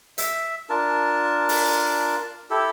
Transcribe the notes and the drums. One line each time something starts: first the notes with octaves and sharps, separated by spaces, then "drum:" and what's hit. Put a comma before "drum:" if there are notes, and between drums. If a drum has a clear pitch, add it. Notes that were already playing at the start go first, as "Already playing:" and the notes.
E5, drum: hi-hat
D4 F4 A#4 A5
drum: open hi-hat
E4 G4 A4